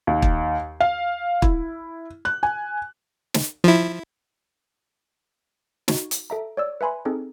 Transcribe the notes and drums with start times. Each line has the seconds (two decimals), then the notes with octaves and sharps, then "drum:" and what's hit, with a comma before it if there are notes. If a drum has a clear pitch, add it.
0.07 D#2
0.22 drum: kick
0.80 F5
1.42 E4, drum: kick
2.25 F#6
2.43 G#5
3.34 drum: snare
3.64 F3 E4
5.88 D#4 F#4, drum: snare
6.11 drum: hi-hat
6.30 A4 E5 A#5
6.57 C#5 D5 E6
6.81 B4 E5 G#5 B5 C6
7.05 C4 D#4 G#4 A4